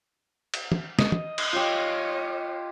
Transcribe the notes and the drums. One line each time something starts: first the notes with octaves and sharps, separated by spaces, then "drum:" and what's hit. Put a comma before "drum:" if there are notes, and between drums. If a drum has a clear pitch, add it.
drum: cymbal
drum: tom
D#5, drum: snare
drum: tom
drum: cymbal
F4 G4 C#5 D#5